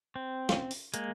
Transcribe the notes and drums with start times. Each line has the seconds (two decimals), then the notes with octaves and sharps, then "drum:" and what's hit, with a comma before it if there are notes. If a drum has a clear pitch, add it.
0.16 C4
0.49 C#4 F4, drum: snare
0.71 drum: open hi-hat
0.94 G#3 A#3, drum: hi-hat